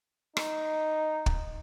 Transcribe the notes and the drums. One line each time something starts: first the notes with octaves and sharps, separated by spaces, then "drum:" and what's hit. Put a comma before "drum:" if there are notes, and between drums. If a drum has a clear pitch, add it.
D#4, drum: rim click
drum: kick